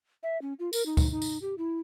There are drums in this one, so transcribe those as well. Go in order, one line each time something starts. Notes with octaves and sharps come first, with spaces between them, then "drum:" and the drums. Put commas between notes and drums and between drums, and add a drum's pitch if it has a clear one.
E5
C#4
F4
A#4, drum: tambourine
D#4
drum: kick, tambourine
D#4
drum: tambourine
G4
E4